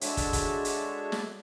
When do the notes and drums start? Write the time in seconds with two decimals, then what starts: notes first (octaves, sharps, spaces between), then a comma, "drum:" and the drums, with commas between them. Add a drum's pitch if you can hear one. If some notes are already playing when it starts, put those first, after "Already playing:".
0.01 G#3 D4 F#4 A4 C#5 E5, drum: hi-hat
0.17 drum: kick, hi-hat
0.33 drum: kick, hi-hat
0.65 drum: hi-hat
1.12 drum: snare